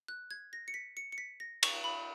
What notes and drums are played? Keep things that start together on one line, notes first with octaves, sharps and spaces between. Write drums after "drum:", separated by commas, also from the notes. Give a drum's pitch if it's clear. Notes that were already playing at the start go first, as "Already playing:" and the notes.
F#6
G#6
A#6
C#7
B6
C#7
C#7
B6
A#6
C#6, drum: cymbal
B5